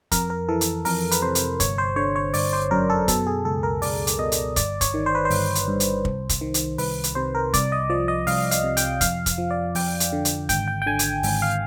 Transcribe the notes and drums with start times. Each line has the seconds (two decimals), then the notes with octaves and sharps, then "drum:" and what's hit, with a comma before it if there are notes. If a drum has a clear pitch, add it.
0.12 F2 A#4, drum: kick, hi-hat
0.30 A#4
0.49 E3 A4
0.61 drum: hi-hat
0.85 F2 A#4, drum: open hi-hat
1.11 B4, drum: hi-hat
1.22 C3 C5
1.35 drum: hi-hat
1.60 G1 C#5, drum: kick, hi-hat
1.78 C5
1.96 D3 C#5
2.16 C#5
2.34 G1 D5, drum: open hi-hat
2.53 C5
2.71 F#2 A#4
2.90 A4
3.08 B2 A4, drum: kick, hi-hat
3.27 G#4
3.45 C#2 A4
3.63 A#4
3.82 C#2 D5, drum: open hi-hat
4.07 drum: hi-hat
4.19 B2 D#5
4.32 drum: hi-hat
4.56 G1 D5, drum: kick, hi-hat
4.81 C#5, drum: kick, hi-hat
4.94 D#3
5.06 C5
5.15 B4
5.25 C5
5.30 G1, drum: open hi-hat
5.55 drum: hi-hat
5.68 G2
5.80 drum: hi-hat
6.05 C2, drum: kick
6.29 drum: kick, hi-hat
6.41 D#3
6.54 drum: hi-hat
6.78 C2 B4, drum: open hi-hat
7.04 drum: hi-hat
7.15 C3 C5
7.35 A#4
7.54 C2 D5, drum: kick, hi-hat
7.72 D#5
7.89 F3 D5
8.08 D#5
8.27 C2 F5, drum: open hi-hat
8.51 F5, drum: hi-hat
8.64 C3
8.77 G5, drum: hi-hat
9.01 F2 F5, drum: kick, hi-hat
9.26 drum: kick, hi-hat
9.38 F3
9.51 D5
9.75 F2 G5, drum: open hi-hat
10.00 drum: hi-hat
10.13 D3
10.25 drum: hi-hat
10.49 G#1 G5, drum: kick, hi-hat
10.68 G5
10.82 G5
10.86 D3 G#5
10.99 drum: hi-hat
11.23 G#1, drum: open hi-hat
11.42 F5